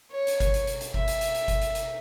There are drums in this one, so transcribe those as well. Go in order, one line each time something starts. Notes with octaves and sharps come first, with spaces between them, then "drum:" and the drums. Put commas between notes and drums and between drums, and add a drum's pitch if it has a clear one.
C#5
drum: hi-hat
drum: kick G1, hi-hat
drum: hi-hat
drum: hi-hat
drum: hi-hat
E5, drum: kick G1
drum: hi-hat
drum: hi-hat
drum: hi-hat
drum: kick G1, hi-hat
drum: hi-hat
drum: hi-hat